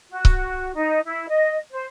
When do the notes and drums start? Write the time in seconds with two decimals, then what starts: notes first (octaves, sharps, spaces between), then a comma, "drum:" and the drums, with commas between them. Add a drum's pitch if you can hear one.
0.09 F#4
0.25 drum: kick C#1
0.74 D#4
1.06 E4
1.28 D#5
1.71 C5